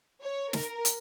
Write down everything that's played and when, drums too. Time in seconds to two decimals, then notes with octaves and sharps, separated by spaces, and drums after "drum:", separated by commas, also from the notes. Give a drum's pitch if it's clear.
0.22 C#5
0.53 A#4, drum: snare
0.85 drum: hi-hat